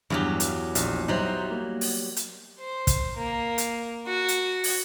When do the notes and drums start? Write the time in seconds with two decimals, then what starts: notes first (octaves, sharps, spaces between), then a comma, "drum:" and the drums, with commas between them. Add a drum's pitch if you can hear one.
0.10 E2 G2 F#3 G4
0.40 drum: hi-hat
0.75 A#1, drum: hi-hat
1.08 F#3 G3 D#4 C5 E5
1.51 A#3
1.81 drum: open hi-hat
2.16 drum: hi-hat
2.60 C5
2.87 drum: kick, hi-hat
3.17 A#3
3.58 drum: hi-hat
4.07 F#4
4.28 drum: hi-hat
4.64 drum: open hi-hat